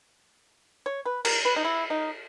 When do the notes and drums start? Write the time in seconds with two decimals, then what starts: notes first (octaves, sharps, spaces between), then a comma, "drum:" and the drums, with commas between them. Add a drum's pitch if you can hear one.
0.86 C#5
1.05 B4
1.25 A#4, drum: cymbal
1.45 B4
1.56 D#4
1.64 E4
1.90 D#4